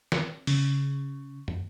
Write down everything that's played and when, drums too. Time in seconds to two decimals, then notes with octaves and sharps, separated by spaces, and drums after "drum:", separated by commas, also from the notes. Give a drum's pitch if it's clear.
0.12 drum: snare
0.47 C#3, drum: open hi-hat
1.48 drum: tom